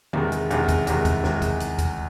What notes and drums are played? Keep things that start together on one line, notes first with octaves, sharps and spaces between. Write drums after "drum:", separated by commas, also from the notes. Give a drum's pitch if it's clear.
E2 C3 D#3 G#3, drum: tom D3
drum: hi-hat
E2 C3 D#3 G#3, drum: hi-hat
drum: kick, hi-hat
E2 C3 D#3 G#3, drum: hi-hat
drum: kick, hi-hat
C3 D#3 G#3, drum: snare
drum: kick, hi-hat
drum: hi-hat
drum: kick, hi-hat